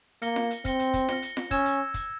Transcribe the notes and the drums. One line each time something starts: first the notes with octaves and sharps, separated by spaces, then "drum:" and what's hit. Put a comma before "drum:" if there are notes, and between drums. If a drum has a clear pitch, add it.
A#3 F6 A#6 C#7 G7, drum: hi-hat
drum: snare F4
drum: hi-hat
C4 F6 A#6 C#7 G7, drum: kick, hi-hat
drum: hi-hat
drum: kick, hi-hat
F6 A#6 C#7 G7, drum: snare F4
drum: hi-hat
drum: snare F4
C#4 E6 G#6 E7, drum: kick, hi-hat
drum: hi-hat
drum: kick, hi-hat